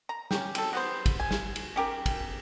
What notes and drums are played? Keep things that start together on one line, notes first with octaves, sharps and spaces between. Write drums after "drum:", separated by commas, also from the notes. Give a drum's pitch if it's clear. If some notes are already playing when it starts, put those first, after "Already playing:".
A#5
C#4 G4, drum: snare
C4 A4, drum: cymbal
F#3 B3 C5
drum: kick, cymbal
G#5
drum: snare
drum: cymbal
C#4 G4 A#4
drum: kick, cymbal